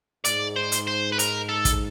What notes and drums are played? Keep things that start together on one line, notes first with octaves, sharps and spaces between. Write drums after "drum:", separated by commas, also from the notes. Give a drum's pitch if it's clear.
G#2 D5, drum: hi-hat
C5
drum: hi-hat
C5
B4
A#4, drum: hi-hat
A4
drum: kick, hi-hat